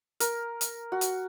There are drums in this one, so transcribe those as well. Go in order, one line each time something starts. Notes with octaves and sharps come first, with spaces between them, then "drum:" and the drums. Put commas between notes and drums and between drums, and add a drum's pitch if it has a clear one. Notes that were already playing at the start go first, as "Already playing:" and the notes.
A#4, drum: hi-hat
drum: hi-hat
F#4
drum: hi-hat